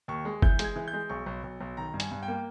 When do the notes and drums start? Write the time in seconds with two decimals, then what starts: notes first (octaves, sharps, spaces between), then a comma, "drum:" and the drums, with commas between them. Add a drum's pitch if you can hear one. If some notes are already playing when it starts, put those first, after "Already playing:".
0.08 D#2 C#6
0.25 G#3
0.42 E3 G6, drum: kick F#1
0.59 G#3, drum: hi-hat
0.64 G#6
0.76 E3
0.88 G6
0.93 G#3
1.10 B1 C#6
1.26 B1
1.44 B1
1.61 B1
1.77 D#3 A#5
1.94 G2
2.00 G#5, drum: hi-hat
2.11 G2
2.23 G5
2.28 A#3